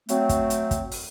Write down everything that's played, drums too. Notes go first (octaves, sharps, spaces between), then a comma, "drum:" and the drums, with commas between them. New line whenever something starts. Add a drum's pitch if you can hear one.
F#3 A3 C4, drum: hi-hat
drum: kick, hi-hat
drum: hi-hat
drum: kick, hi-hat
drum: open hi-hat